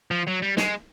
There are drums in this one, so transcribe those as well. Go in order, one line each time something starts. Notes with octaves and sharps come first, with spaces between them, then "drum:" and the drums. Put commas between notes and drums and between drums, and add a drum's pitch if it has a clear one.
F3
F#3
G3
G#3, drum: snare